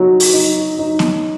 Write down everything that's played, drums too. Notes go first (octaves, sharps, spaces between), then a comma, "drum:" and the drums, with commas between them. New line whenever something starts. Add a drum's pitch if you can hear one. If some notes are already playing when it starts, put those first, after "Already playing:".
Already playing: F#3 D#4 F#4
drum: open hi-hat
D#4
D#4
drum: snare B3